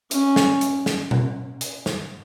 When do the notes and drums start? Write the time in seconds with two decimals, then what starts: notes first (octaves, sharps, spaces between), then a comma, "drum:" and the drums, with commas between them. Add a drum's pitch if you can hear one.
0.11 C#4, drum: hi-hat
0.36 drum: snare
0.61 drum: hi-hat
0.86 drum: snare
1.11 drum: tom B2
1.61 drum: hi-hat
1.86 drum: snare